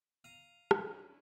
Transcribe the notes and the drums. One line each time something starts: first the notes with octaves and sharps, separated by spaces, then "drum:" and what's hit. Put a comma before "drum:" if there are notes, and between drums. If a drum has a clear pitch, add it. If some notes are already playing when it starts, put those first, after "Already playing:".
F5 A#5 D#7
C#4 D4 E4, drum: rim click